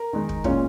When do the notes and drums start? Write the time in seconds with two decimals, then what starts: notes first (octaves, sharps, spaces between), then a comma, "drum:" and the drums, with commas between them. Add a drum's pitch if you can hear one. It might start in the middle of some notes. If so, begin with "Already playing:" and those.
Already playing: A#4
0.13 D#3 G#3 D#4
0.29 drum: kick
0.44 A#2 G#3 C#4 F4 C#5, drum: kick